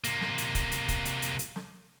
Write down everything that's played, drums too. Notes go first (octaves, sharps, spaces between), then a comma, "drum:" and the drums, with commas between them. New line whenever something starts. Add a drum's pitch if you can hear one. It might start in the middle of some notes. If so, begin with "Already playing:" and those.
C3 A#3, drum: hi-hat
drum: snare
drum: hi-hat
drum: kick, hi-hat
drum: hi-hat
drum: kick, hi-hat
drum: hi-hat
drum: hi-hat
drum: hi-hat
drum: snare